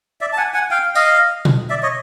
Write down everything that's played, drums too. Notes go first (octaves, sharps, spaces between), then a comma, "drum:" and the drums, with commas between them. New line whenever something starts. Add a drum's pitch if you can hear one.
D5 E5
A5
F#5 G#5
F#5 G#5
F5 G5
D#5 F5, drum: tambourine
drum: tom B2
D5 E5
C#5 D#5